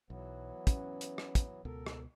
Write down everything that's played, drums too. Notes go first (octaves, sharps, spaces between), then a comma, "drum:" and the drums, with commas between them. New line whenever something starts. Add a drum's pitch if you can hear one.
B1 E3 F#3 B3
C#4, drum: kick, hi-hat
drum: hi-hat
drum: rim click
drum: kick, hi-hat
C#2 B2 A4 A#4
drum: rim click